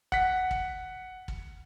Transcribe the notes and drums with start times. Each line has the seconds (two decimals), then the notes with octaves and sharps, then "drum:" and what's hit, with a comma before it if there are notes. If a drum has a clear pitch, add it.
0.12 F#5 B6, drum: kick
0.51 drum: kick
1.28 drum: kick